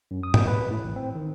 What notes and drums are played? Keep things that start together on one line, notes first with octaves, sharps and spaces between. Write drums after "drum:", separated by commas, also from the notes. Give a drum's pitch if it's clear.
F#2
D#6
drum: tom
B4
A2
A1
C4
D#3